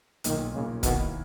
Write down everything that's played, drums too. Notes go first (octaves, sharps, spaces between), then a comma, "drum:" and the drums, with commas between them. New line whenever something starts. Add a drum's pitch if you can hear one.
B1 A#2 D#3 A#3, drum: hi-hat
B1 A#2 C#3 A#3
D#2 B2 D#3 A#3 E4, drum: kick, hi-hat